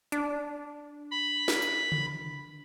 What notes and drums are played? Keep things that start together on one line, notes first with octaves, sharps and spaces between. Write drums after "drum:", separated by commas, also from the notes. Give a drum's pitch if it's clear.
D4, drum: hi-hat
B5
drum: snare
drum: tambourine
drum: tom C#3